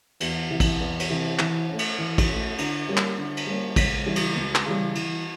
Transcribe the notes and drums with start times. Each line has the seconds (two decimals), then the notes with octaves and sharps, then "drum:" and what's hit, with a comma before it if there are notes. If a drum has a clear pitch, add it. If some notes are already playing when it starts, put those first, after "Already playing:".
0.20 E2, drum: cymbal
0.50 C3 E3
0.60 drum: kick, cymbal
0.80 E2
1.00 drum: cymbal
1.10 C3 E3
1.39 E3, drum: clap
1.69 A3 C#4
1.79 drum: cymbal
1.98 E3
2.18 drum: kick, cymbal
2.28 A3 C#4
2.58 D3, drum: cymbal
2.88 G3 A#3 C#4
2.97 drum: clap
3.18 D3
3.37 drum: cymbal
3.46 G3 A#3 C#4
3.76 C#2, drum: kick, cymbal
4.06 C#3 E3 G3
4.16 drum: cymbal
4.36 C#2
4.55 drum: clap
4.65 C#3 E3 G3
4.95 E3, drum: cymbal